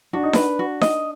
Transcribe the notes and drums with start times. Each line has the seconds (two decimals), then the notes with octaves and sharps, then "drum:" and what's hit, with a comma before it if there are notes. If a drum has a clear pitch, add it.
0.13 D4 F#4
0.23 D#4
0.33 D4 B4, drum: snare D#4
0.59 F#4
0.81 D#5, drum: snare D#4